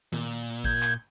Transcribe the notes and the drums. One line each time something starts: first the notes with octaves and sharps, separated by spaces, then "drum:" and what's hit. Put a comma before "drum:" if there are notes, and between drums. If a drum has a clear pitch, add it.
A#2, drum: tom D#3
G6 G#6, drum: kick A1
drum: clap